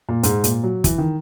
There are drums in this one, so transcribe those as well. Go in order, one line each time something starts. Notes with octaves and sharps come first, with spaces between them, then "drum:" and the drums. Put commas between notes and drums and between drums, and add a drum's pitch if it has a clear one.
A#2
G#2, drum: hi-hat
A#2, drum: hi-hat
F#3
E3, drum: kick, hi-hat
D#3